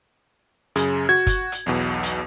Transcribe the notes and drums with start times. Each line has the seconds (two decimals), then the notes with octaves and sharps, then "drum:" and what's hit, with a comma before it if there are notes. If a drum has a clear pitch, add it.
0.76 F#2 C#3 G#4, drum: hi-hat
1.09 F#4 G#6
1.27 drum: kick F#1, hi-hat
1.52 drum: hi-hat
1.66 B1 E2 B2
2.03 drum: hi-hat